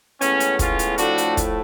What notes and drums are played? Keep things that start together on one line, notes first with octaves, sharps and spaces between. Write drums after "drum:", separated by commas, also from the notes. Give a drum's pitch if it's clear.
A2 G#3 B3 C#4, drum: hi-hat
drum: hi-hat
C#4 F4, drum: kick, hi-hat
drum: hi-hat
A2 F3 A3 D4 F#4, drum: hi-hat
drum: hi-hat
drum: kick, hi-hat